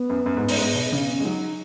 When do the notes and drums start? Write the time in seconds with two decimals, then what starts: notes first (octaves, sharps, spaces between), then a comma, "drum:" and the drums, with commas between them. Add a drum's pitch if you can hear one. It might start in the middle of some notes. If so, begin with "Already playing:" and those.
Already playing: B3
0.09 F#2
0.26 F#2
0.37 G#2
0.48 G#2, drum: open hi-hat
0.58 G#2
0.75 B2
0.92 C#3 B3
1.08 C#4
1.20 G#3
1.24 F#3 D#4